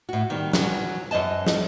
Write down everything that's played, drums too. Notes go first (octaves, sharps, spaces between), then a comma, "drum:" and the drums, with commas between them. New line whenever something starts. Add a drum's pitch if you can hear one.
A2 F#4
D#3 G3 C4
F#3 C#4, drum: snare
F#2 C5 D#5 A5
drum: snare